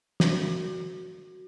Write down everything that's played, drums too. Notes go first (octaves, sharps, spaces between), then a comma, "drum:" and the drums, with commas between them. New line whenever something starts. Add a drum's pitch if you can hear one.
F#4, drum: snare